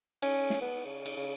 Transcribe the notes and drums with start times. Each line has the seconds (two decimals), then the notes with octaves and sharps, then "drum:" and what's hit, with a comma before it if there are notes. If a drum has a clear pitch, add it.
0.22 C#4, drum: cymbal
0.50 drum: snare
0.61 B3
0.85 C#3
1.06 drum: cymbal
1.16 C#3